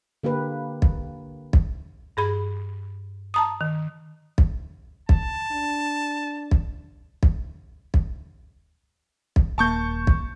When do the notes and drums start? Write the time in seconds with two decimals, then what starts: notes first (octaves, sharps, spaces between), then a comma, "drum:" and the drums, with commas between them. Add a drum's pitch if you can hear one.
0.23 D3 A#3 G4 B4
0.82 drum: kick
1.53 drum: kick
2.17 G2 G#4 B5
3.34 A5 A#5 D#6
3.61 D#3
4.38 drum: kick
5.09 A5, drum: kick
5.52 D4
6.51 drum: kick
7.23 drum: kick
7.94 drum: kick
9.36 drum: kick
9.58 D#1 A#3 A5 C#6 G6
10.07 drum: kick